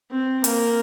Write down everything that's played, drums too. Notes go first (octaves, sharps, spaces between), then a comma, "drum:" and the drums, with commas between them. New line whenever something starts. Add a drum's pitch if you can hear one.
C4
A#3, drum: hi-hat